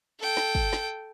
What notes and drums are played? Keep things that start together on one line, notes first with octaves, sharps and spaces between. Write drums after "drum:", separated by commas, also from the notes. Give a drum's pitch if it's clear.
A4 G5
drum: snare
drum: kick
drum: snare